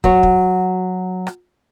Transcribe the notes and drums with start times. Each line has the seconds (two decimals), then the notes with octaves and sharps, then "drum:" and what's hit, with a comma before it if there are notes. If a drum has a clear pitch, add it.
0.04 F#3 F#4 C#5, drum: kick
0.23 drum: kick
1.27 drum: rim click